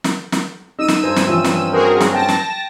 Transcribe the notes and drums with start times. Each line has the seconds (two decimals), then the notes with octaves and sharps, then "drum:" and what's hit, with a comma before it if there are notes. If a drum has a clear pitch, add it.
0.04 drum: snare
0.32 drum: snare
0.79 D#4 E6 D#7
0.89 drum: snare
1.04 G2 C5 G#5 A#5
1.17 drum: snare
1.27 G2 E3 F3 C4 C#4 E4
1.45 drum: snare
1.73 F#4 G#4 A#4 C5
2.01 drum: snare
2.14 G5 A5 A#6
2.29 drum: snare